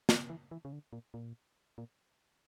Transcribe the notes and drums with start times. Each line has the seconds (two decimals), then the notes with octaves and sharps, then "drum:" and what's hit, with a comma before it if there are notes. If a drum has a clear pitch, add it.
0.09 F3, drum: snare
0.30 E3
0.51 E3
0.65 C#3
0.73 D3
0.93 A#2
1.14 A#2
1.78 A#2